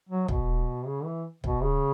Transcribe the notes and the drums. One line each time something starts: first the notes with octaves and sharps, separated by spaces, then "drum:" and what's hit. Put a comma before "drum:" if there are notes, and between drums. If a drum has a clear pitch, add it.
F#3
B2, drum: kick
C#3
E3
B2, drum: kick
C#3